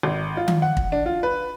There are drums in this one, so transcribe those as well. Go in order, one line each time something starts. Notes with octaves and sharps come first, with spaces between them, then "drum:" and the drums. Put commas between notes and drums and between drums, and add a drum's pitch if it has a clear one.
G#1
F4
drum: tom D#3
F#5
drum: kick
D4
F4
B4